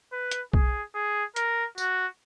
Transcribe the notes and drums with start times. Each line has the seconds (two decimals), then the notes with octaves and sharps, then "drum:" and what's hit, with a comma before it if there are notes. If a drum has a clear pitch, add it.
0.13 B4
0.31 drum: hi-hat
0.53 G#4, drum: kick B1
0.95 G#4
1.36 A#4, drum: hi-hat
1.78 F#4, drum: tambourine